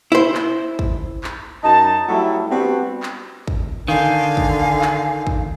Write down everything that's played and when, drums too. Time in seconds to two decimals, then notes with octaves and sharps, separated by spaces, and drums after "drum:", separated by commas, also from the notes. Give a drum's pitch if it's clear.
0.12 E4 C5
0.34 drum: clap
0.79 drum: kick
1.24 drum: clap
1.63 F#2 D#4 D#5 A5
2.08 F#3 G3 A3 E4 A4
2.50 G3 B3 C4 D4 F#4
3.03 drum: clap
3.48 drum: kick
3.88 D3 D#3 F5 G#5
4.37 drum: kick
4.82 drum: clap
5.27 drum: kick